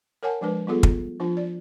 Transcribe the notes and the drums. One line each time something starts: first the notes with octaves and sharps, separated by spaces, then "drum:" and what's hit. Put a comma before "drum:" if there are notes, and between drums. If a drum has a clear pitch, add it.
A#4 C#5 F#5 G#5 A5
F3 G#3 D4 B4
G3 B3 F4 G#4 A4
drum: kick
F3 D4 F4
D5